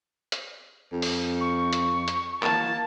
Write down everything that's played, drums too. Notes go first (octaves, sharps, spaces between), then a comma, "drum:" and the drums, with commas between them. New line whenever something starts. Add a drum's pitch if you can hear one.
drum: hi-hat
F2
drum: open hi-hat
C#6
drum: hi-hat
drum: hi-hat
A#3 A5, drum: clap